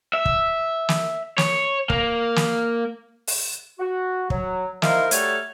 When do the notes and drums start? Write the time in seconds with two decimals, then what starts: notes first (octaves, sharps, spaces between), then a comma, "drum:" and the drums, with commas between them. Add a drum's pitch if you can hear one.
0.13 E5
0.25 drum: kick
0.89 drum: snare
1.38 C#5, drum: snare
1.90 A#3, drum: kick
2.36 drum: snare
3.27 drum: open hi-hat
3.79 F#4
4.30 F#3, drum: kick
4.82 D#4 E4 A#4 C5 F5 C6, drum: snare
5.11 F#3 G3 A3 A4 C#5 F6, drum: hi-hat